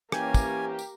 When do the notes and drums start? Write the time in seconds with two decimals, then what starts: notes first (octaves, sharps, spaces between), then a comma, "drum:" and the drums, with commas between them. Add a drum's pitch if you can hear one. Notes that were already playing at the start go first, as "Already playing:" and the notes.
0.12 E3 A#3 C#4 G4 G#5, drum: rim click
0.34 drum: kick, tambourine
0.79 drum: tambourine